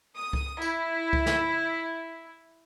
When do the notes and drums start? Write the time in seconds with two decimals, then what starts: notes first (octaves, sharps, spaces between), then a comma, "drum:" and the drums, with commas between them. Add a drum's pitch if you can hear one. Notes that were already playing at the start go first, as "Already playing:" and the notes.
0.15 D#6
0.33 drum: kick C#2
0.62 E4, drum: tambourine
1.13 drum: kick C#2
1.26 drum: snare